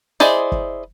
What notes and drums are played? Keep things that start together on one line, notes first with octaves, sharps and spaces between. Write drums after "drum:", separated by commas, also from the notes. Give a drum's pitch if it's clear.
E4 G#4 C5 D5 D#5, drum: snare
drum: kick